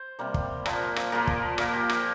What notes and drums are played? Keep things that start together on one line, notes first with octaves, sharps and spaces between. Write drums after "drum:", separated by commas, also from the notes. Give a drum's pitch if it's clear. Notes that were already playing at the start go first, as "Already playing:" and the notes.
Already playing: C5
C3 G3 A#3
drum: kick
A#2 F3 A#3, drum: rim click
drum: rim click
A#2 F3 A#3 A#4
drum: kick
A#2 F3 A#3 A#4, drum: rim click
G4
A#4, drum: rim click